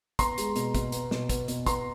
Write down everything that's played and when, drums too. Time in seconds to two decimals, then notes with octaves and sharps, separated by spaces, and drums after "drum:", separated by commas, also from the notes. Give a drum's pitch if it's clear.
0.19 B3 A#5 C6, drum: kick, hi-hat
0.38 G#3, drum: hi-hat
0.56 B2, drum: hi-hat
0.74 B2, drum: kick, hi-hat
0.92 B3, drum: hi-hat
1.11 B2, drum: snare
1.29 B3, drum: kick, hi-hat
1.48 B2, drum: hi-hat
1.66 B3 A#5 C6, drum: kick, hi-hat